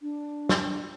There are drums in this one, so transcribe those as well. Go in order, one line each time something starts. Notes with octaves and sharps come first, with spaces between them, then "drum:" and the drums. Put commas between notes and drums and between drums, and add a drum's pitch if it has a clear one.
D4
drum: snare